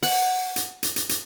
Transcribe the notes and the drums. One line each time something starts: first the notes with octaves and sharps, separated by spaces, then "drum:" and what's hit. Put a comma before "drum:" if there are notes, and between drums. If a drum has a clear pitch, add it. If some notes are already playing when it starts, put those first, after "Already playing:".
F#5, drum: open hi-hat
drum: hi-hat
drum: hi-hat
drum: hi-hat
drum: hi-hat